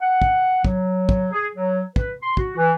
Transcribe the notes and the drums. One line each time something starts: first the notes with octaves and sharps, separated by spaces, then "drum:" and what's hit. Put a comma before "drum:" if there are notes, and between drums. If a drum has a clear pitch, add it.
F#5
drum: kick
F#3, drum: kick
drum: kick
G#4
F#3
B4, drum: kick
C6
F#4, drum: kick
E3